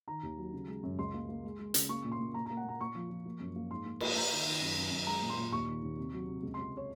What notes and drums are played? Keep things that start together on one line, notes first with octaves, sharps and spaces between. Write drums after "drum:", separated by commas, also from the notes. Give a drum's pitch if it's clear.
D#3 A#5
D#2
F#3
C#3
G#3
F#2
C#2 C6
A#3
A#3
G#3
G#3
C#3, drum: hi-hat
A#3 C#6
A#2
C6
A#2
A#2 A#5
A#3 A#5
F#5
A#2 A#5
A#2 C#6
F3
F3
A#3
F#2
A#3
G#2 C6
A#3
A#3, drum: cymbal
A#3 A#5
D#3
D#3
F#2
F#2
F#2
G#3 A#5
A#2
C6
A#2
D#2 C#6
D#3
D#2
C3
F#3
C3
C#2
C#2 C6
C#5